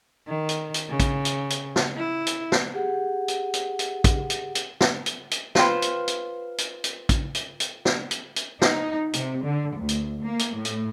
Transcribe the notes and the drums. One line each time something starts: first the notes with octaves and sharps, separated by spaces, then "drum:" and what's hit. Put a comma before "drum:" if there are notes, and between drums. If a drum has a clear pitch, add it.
D#3
drum: hi-hat
drum: hi-hat
C#3
drum: kick, hi-hat
drum: hi-hat
drum: hi-hat
drum: snare
E4
drum: hi-hat
drum: snare
G4 G#4 F#5
drum: hi-hat
drum: hi-hat
drum: hi-hat
drum: kick, hi-hat
drum: hi-hat
drum: hi-hat
drum: snare
drum: hi-hat
drum: hi-hat
F4 B4 C5 G5, drum: snare
drum: hi-hat
drum: hi-hat
drum: hi-hat
drum: hi-hat
drum: kick, hi-hat
drum: hi-hat
drum: hi-hat
drum: snare
drum: hi-hat
drum: hi-hat
D#4, drum: snare
C3, drum: hi-hat
D3
D2
drum: hi-hat
A#3
drum: hi-hat
A2
drum: hi-hat